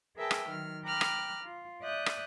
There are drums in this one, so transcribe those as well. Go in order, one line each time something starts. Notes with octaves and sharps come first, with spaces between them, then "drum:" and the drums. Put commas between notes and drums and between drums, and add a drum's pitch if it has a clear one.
G#4 A#4 B4 E5 G5 A5
drum: rim click
D#3 F#3 F6
G5 A#5 B5 D6 F6 F#6
drum: rim click
F4
D5 E5 D#6 F#6 G6
drum: rim click